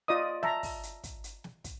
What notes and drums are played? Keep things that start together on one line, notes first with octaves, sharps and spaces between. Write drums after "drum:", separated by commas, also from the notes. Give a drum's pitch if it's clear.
F4 D5 D#5 D#6
E5 A5 A#5, drum: snare
drum: kick, open hi-hat
drum: hi-hat
drum: kick, hi-hat
drum: hi-hat
drum: snare
drum: kick, hi-hat